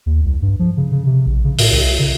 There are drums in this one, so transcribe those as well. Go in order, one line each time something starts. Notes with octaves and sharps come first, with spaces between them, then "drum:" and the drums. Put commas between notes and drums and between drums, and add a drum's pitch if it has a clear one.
D#2
C2
G2
F3
C#3
C#3
C3
A#1
C#3
A2, drum: open hi-hat
C2
C#3